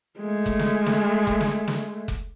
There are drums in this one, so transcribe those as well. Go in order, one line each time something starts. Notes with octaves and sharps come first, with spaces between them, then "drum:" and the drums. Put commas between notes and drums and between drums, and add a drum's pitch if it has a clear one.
G#3 A3
drum: kick F1
drum: snare
drum: snare
drum: kick F1
drum: snare
drum: snare
drum: kick F1